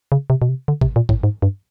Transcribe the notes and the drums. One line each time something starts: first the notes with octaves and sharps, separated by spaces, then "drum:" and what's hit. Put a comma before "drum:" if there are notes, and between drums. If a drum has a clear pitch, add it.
C#3
C3
B2
C3
D3
C3, drum: kick
A#2
A2, drum: kick
G#2
G2